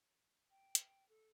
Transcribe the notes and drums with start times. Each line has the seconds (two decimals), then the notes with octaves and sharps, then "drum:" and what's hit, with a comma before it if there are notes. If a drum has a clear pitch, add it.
0.50 G5
0.75 drum: hi-hat
1.09 A4